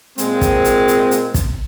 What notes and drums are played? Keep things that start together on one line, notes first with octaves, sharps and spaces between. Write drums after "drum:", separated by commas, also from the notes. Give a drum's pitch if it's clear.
A#2 G#3 C4, drum: hi-hat
drum: kick, hi-hat
drum: hi-hat
drum: hi-hat
drum: hi-hat
drum: kick, hi-hat